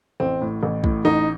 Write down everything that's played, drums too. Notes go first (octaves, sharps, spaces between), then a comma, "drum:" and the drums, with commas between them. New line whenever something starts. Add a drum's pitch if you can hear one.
A1 C4
A2
A1
A2, drum: kick
A1 D#4